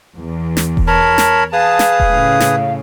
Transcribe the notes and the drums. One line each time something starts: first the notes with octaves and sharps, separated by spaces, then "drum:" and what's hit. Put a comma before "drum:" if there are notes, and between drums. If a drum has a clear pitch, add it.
E2
drum: snare
drum: kick E1
A#4 C#5 A5 B5
drum: snare
G#4 B4 F5 A5 D#6
drum: snare
drum: kick E1
A2 C#3
drum: snare